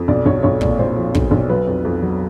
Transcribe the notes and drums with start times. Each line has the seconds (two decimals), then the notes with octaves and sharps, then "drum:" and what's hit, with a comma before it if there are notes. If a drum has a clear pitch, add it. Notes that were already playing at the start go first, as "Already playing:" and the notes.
Already playing: F2
0.08 B1 D5
0.26 B1 C#5
0.43 B1 C#5
0.61 A#2 D5, drum: kick
0.79 A#2 C5
0.97 F3
1.15 B1, drum: kick
1.31 B1
1.49 F#3 B4
1.67 F2
1.85 F2
2.02 F#3